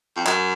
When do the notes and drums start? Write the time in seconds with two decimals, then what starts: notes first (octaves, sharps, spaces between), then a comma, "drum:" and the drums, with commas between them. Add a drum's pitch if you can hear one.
0.16 F2
0.26 F#2, drum: clap